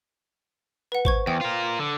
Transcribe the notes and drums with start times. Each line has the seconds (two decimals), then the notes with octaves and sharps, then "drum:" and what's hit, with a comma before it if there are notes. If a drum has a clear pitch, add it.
0.92 B4 F#5
1.05 C5 C#6 G#6, drum: kick
1.27 E2 G5
1.41 F4 A#4
1.80 D3